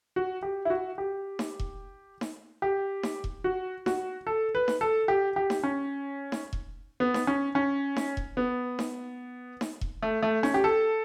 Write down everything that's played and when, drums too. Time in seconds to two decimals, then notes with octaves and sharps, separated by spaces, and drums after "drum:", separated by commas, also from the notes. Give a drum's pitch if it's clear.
0.16 F#4
0.42 G4
0.65 E4
0.70 F#4
0.98 G4
1.39 drum: snare D#4
1.60 drum: kick E1
2.21 drum: snare D#4
2.62 G4
3.03 drum: snare D#4
3.24 drum: kick E1
3.44 F#4
3.86 F#4, drum: snare D#4
4.27 A4
4.55 B4
4.68 drum: snare D#4
4.81 A4
5.08 G4
5.36 G4
5.50 drum: snare D#4
5.64 C#4
6.32 drum: snare D#4
6.53 drum: kick E1
7.00 B3
7.14 drum: snare D#4
7.27 C#4
7.55 C#4
7.96 drum: snare D#4
8.17 drum: kick E1
8.37 B3
8.79 drum: snare D#4
9.61 drum: snare D#4
9.81 drum: kick E1
10.03 A3
10.23 A3
10.43 C#4, drum: snare D#4
10.54 G4
10.64 A4